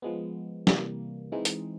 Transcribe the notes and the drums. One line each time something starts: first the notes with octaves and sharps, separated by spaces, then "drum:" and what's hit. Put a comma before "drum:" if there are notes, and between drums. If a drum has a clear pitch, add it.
F3 G#3 B3
C3 E3 G3 A#3, drum: snare
E3 G#3 C4 D#4
drum: hi-hat